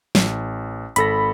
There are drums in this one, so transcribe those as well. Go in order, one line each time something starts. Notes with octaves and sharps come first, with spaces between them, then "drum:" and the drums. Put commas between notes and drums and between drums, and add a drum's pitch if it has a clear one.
A1, drum: snare
G#1 A4 B5 A#6, drum: hi-hat